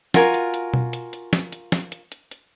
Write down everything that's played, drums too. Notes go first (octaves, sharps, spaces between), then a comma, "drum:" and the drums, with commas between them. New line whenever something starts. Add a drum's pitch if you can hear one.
F4 F#4 A#4 G#5, drum: snare
drum: hi-hat
drum: hi-hat
drum: tom B2
drum: hi-hat
drum: hi-hat
drum: snare
drum: hi-hat
drum: snare
drum: hi-hat
drum: hi-hat
drum: hi-hat